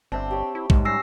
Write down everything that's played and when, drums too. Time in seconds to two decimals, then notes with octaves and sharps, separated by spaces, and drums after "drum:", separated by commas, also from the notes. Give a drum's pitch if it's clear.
0.12 G1 C4 D4 E5
0.31 G4 C#5
0.55 E4
0.70 D#2 G#2, drum: kick
0.85 G3 C#4 E6 A#6 C7